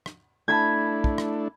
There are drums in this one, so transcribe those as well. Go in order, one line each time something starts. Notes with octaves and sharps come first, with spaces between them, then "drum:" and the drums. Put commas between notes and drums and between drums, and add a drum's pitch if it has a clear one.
drum: rim click
A3 D4 E4 A5 B5 G#6
drum: kick
drum: rim click